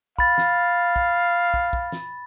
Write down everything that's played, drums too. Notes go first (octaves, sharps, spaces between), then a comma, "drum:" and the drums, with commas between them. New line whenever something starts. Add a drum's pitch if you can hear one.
F5 B5 A6, drum: kick
drum: snare
drum: kick
drum: kick
drum: kick
drum: snare